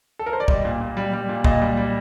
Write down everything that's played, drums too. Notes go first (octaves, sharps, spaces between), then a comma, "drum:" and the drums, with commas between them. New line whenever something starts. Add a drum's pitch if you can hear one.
A4
A#4
C5
D5
G3 D#5, drum: kick
A#2
A#2
G3
G3
A#2
A#2 D#5, drum: kick
G3
G3